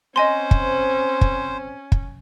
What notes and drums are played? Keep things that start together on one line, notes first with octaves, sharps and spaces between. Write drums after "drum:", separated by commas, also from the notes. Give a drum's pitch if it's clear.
C4 C#4 C5 D#5 G#5 C6
drum: kick
drum: kick
drum: kick